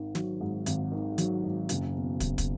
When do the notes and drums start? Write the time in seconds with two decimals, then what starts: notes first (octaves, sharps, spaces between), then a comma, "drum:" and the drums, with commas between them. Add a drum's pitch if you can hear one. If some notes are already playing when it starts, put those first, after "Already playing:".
Already playing: G#1 D#3
0.15 F#3, drum: snare
0.41 G#2
0.66 G#1, drum: hi-hat
0.92 D#3
1.18 F#3, drum: hi-hat
1.44 G#2
1.69 F#1, drum: hi-hat
1.95 B2
2.20 F#1, drum: kick, hi-hat
2.38 drum: kick, hi-hat